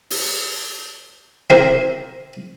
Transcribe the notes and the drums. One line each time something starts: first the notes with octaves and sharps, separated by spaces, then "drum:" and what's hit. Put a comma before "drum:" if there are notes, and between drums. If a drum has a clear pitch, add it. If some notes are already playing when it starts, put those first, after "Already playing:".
drum: open hi-hat
C4 E4 G4 A#4 C5, drum: tom